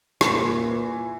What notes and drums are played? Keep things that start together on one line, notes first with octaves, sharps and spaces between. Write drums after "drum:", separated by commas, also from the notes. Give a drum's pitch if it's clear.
A#2 E3, drum: rim click